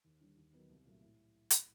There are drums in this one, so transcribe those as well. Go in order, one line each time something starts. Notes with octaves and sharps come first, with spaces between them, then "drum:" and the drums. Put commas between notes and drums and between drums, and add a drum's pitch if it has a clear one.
D#2
D3 G3
D#2
D#3 F#3 B3 D#4
C2
A#2 F#3 A3
A2
drum: hi-hat